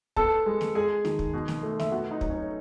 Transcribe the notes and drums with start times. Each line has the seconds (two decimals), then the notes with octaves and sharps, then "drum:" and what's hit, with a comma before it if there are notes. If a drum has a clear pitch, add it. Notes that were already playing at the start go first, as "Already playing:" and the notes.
0.17 B3 A4 A5, drum: kick
0.46 G#3
0.61 drum: snare
0.75 G#3 G#4 G#5
1.05 D#3, drum: snare
1.19 drum: kick
1.33 B2
1.48 drum: snare
1.63 A3
1.79 E5, drum: snare
1.91 B3 F#4 F#5
2.11 D#4 D#5
2.21 F#3, drum: kick
2.30 C#4 C#5